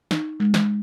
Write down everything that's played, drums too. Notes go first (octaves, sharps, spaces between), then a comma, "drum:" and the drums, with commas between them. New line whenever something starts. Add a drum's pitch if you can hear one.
D#4, drum: snare
G#3
drum: snare